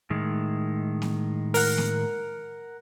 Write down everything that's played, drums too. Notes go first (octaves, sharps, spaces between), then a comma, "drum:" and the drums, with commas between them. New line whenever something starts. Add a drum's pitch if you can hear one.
A2 D#3 G#3
drum: snare A#3
A#4 F#5, drum: open hi-hat
drum: snare A#3